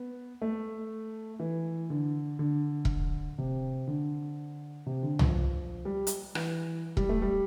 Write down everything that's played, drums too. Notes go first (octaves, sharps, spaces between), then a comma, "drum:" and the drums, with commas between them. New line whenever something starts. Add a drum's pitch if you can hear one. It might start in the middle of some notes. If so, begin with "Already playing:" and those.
Already playing: B3
A3
E3
D3
D3
drum: kick E1
C3
D3
C3
D3
F3, drum: tom C2
G3
drum: hi-hat
E3, drum: rim click
G3, drum: kick E1
A3
G3